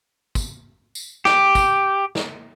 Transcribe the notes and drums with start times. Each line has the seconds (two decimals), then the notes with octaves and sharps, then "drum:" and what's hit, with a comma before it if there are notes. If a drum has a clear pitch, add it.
0.35 drum: kick, tambourine
0.95 drum: tambourine
1.25 G4, drum: snare
1.55 drum: kick, tambourine
2.15 drum: snare